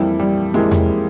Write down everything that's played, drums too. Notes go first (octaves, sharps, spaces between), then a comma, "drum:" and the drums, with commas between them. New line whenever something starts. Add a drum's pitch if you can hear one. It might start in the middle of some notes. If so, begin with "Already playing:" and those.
Already playing: F2 E3 G3 A#3 E4 G4
G3
F2 E3 G#3 A#3 E4 G4
drum: tom E2